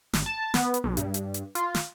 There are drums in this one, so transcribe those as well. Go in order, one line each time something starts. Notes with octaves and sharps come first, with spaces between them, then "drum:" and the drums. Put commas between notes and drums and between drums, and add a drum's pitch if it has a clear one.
G#1, drum: snare
A5
B3, drum: snare
drum: hi-hat
B1
G2, drum: hi-hat
drum: hi-hat
drum: hi-hat
F4, drum: hi-hat
drum: snare